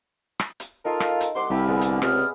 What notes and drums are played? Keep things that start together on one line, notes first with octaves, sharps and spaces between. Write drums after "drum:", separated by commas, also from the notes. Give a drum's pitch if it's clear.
drum: rim click
drum: hi-hat
D#4 F4 A4 A#4
drum: rim click
drum: hi-hat
C2 F#5 C6 D6
C2 E4 G4 A4 A#4 B5
D3 B3 G#4 E5
drum: hi-hat
C#2 C3 D5 D#6 F6, drum: rim click